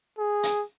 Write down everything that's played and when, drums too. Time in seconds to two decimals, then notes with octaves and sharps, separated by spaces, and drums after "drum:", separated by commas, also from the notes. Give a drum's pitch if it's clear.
0.19 G#4
0.43 drum: hi-hat